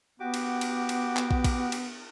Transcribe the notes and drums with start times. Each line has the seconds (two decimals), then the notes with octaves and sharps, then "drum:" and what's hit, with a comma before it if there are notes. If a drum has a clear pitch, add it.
0.20 B3 F#4 G4 D6
0.34 drum: cymbal
0.61 drum: cymbal
0.89 drum: cymbal
1.17 drum: clap
1.31 drum: kick
1.44 drum: kick, cymbal
1.72 drum: cymbal